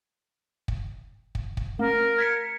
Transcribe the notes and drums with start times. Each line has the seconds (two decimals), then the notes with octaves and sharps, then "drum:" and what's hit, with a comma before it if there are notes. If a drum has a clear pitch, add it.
0.68 drum: kick
1.35 drum: kick
1.57 drum: kick
1.79 A3 A#4
2.18 G#6 B6 C#7